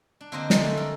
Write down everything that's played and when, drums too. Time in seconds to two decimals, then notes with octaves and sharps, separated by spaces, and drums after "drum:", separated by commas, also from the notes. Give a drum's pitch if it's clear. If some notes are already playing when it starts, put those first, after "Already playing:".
0.21 D4
0.32 D3 A#3 C4 C5 D#5
0.50 D3 A3 G#4, drum: snare
0.65 A3
0.77 A4 A#4 D5